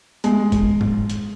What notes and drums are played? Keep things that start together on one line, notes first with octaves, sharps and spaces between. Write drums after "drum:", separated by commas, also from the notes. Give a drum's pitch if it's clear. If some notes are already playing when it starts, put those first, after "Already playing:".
G#3, drum: hi-hat
drum: kick, hi-hat
drum: tom
drum: hi-hat